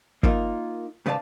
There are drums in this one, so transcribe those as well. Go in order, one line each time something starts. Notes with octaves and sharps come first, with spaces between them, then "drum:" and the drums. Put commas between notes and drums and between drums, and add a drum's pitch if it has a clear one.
A#3 D#4 F4 A#4, drum: kick
G#2 C#3 B4 D5 F5 A5